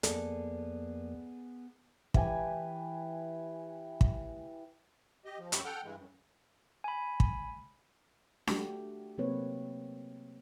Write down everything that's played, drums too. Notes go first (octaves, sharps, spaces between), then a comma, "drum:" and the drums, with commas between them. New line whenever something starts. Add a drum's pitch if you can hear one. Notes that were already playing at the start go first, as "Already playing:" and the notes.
F2 A#3 B3 G#4 A4 D5, drum: hi-hat
E3 G4 G#5, drum: kick
drum: kick
G4 D#5
F3
F#2 G4 B5 C#6 E6, drum: hi-hat
A4 F#5 G5 F6 G6
G2 E3 G#3
F#2
G#5 B5
drum: kick
A3 D4 F#4 G4, drum: snare D4
C3 F#3 A#3 C4 B4 C#5